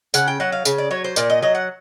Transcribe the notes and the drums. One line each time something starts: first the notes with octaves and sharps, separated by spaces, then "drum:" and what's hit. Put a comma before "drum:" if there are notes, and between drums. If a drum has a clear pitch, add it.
C#3 F#5, drum: tambourine
G5
F#3 F#5
F5
C#3, drum: tambourine
D5
F#3 C#5
C5
A#2 D5, drum: tambourine
D#5
F#3 D#5
F#5